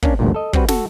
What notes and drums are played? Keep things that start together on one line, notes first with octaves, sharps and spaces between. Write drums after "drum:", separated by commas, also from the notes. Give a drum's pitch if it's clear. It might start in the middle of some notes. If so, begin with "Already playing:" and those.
A#3 C#4 D4, drum: kick
A1 D2 G2 A#2
A4 D#5
G3 C4 F#4 B4, drum: kick
F#4 A4, drum: snare